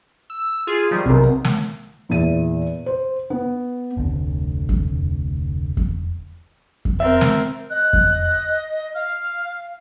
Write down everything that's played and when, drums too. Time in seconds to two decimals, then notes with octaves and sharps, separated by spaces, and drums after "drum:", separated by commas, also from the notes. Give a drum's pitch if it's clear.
0.30 E6
0.67 F4 G#4
0.91 D#3 F3 G3
1.05 B1 C3 A#4
1.45 drum: snare
2.09 E2 A#2 E5 D#7
2.86 C5
3.30 B3
3.97 F1 D2
4.69 drum: kick F2
5.77 drum: kick F2
6.85 drum: kick F2
7.00 C4 A#4 E5
7.21 drum: snare
7.70 D#5 F#6
7.93 drum: kick F2
8.95 F5 F6